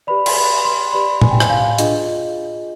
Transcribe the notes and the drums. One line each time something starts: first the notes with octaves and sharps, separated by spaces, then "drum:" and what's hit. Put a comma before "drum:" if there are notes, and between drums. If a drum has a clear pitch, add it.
G4 B4 D5 B5
C6, drum: cymbal
B5
C6
G4 B4 D5 B5
G#5, drum: tom A2
G5
G#5, drum: rim click
F5
D4 F4 G#4 D#5, drum: hi-hat